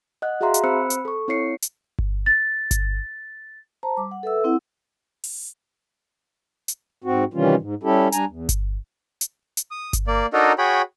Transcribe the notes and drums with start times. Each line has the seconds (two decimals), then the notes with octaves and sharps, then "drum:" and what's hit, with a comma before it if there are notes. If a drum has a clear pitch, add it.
0.22 D#5 F#5 F#6
0.41 F#4 G#4 E5 F5 A#5 C6
0.54 drum: hi-hat
0.63 C4 C5 B5 E6 F#6 C#7
0.90 drum: hi-hat
1.05 A4 C#6
1.28 C4 E4 C#5 C7 C#7
1.62 drum: hi-hat
1.99 drum: kick G1
2.26 A6
2.71 drum: kick G1, hi-hat
3.83 C5 A5 A#5
3.97 G3 D6
4.11 F#5
4.23 A4 B4 E5 E6
4.44 C4 E4 F#5 E6
5.24 drum: open hi-hat
6.68 drum: hi-hat
7.04 G#2 C4 F#4
7.34 C3 D#3 E3 G3 C#4 F4
7.60 G#2
7.83 G3 C#4 E4 G4 A4
8.12 G3 D4 G#5 A#5, drum: hi-hat
8.29 E2
8.49 drum: kick G1, hi-hat
9.21 drum: hi-hat
9.57 drum: hi-hat
9.71 D#6
9.93 drum: kick G1, hi-hat
10.07 A#3 D5
10.33 D4 D#4 F#4 A4 A#4 D#5
10.58 F#4 G#4 C#5 G5 B5